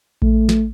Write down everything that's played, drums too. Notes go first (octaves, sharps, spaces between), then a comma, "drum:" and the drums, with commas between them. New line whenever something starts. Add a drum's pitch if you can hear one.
A3, drum: kick A#1
drum: snare